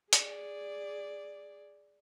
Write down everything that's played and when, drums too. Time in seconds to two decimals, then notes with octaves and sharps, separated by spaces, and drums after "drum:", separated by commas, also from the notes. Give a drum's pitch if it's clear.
0.13 G#4 D5, drum: hi-hat